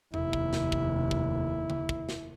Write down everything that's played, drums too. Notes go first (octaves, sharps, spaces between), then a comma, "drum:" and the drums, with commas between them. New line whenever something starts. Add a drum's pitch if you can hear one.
F1 D#2 E4, drum: tom E2
drum: kick
drum: snare
drum: kick
drum: kick
drum: tom C#3
drum: kick
drum: snare